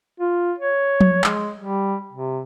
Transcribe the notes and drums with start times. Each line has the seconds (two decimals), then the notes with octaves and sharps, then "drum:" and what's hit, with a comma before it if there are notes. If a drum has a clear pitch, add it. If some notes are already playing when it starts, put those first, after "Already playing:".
0.20 F4
0.59 C#5
1.01 drum: tom F3
1.24 G#3, drum: clap
1.58 G3
2.13 C3